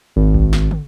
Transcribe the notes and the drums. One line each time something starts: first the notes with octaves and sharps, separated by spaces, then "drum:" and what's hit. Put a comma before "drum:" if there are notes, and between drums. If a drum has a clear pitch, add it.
G#1
drum: kick B1
drum: snare
drum: tom